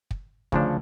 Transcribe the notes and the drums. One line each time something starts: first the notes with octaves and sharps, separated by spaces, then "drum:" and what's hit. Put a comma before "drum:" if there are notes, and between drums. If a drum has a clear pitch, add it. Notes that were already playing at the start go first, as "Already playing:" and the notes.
drum: kick
D2 C#3 F3 D4, drum: kick